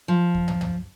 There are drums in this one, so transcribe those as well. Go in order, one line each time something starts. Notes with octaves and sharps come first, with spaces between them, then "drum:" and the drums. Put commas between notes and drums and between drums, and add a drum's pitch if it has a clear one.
F3
drum: kick F2
drum: tom
drum: tom